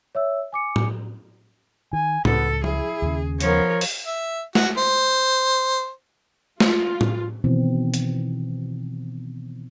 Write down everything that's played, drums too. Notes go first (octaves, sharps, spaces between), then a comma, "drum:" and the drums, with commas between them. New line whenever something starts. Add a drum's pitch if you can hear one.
C#5 E5 E6
G#5 D6 C#7
drum: tom A2
D#3 G#5
C#2 B3 A4, drum: tom A2
E4 G#4, drum: tom
D#2 C#3
F3 B3 A#4 C#5, drum: hi-hat
drum: open hi-hat
E5
F#4, drum: snare
C5
F4, drum: snare
drum: tom A2
B2 D#3 E3 C4
drum: hi-hat